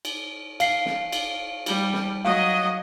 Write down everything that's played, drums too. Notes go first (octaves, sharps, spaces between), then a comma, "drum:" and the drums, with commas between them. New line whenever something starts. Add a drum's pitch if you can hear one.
drum: cymbal
F5 C7, drum: cymbal
drum: snare
drum: cymbal
G3, drum: cymbal
drum: snare
F#3 D#5 F5